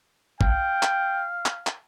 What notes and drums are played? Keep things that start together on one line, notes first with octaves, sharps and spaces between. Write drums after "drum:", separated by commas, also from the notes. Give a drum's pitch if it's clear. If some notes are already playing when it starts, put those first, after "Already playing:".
F5 G5, drum: kick
drum: clap
drum: clap
drum: clap